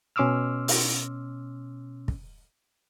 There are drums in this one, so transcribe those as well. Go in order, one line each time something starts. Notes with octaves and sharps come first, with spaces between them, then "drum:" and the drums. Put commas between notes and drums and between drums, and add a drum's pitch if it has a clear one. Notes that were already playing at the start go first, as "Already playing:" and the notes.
B2 C#4 C6 D6 E6 F6
drum: open hi-hat
drum: kick